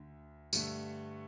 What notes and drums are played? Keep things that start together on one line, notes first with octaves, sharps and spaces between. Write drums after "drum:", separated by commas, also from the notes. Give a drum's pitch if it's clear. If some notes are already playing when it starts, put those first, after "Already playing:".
Already playing: D2 D3
G2 D3 A3, drum: tambourine